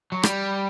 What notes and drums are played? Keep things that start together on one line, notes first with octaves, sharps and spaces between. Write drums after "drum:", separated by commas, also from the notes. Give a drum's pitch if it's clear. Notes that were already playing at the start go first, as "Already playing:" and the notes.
F#3
G3, drum: rim click